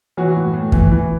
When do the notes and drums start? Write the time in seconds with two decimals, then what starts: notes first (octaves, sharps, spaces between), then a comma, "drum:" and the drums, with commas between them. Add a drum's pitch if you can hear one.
0.17 E3 F#3 F#4
0.36 A2
0.54 A2
0.72 E3, drum: kick
0.91 E3